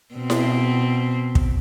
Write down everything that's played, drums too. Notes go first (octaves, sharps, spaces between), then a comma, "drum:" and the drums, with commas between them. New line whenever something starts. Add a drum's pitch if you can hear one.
B2 C4
drum: snare E4
drum: kick